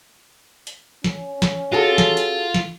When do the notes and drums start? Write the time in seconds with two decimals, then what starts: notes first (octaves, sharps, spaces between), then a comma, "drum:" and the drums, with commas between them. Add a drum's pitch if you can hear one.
0.67 drum: hi-hat
1.04 C#4, drum: snare
1.42 drum: snare
1.72 F4 F#4 G#4 A4
1.98 drum: snare
2.17 drum: hi-hat
2.54 drum: snare